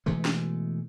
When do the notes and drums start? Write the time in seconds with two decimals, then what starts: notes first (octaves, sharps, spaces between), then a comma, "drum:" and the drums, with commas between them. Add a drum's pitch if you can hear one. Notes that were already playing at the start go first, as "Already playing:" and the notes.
0.06 B2 E3 G#3 A3
0.25 drum: snare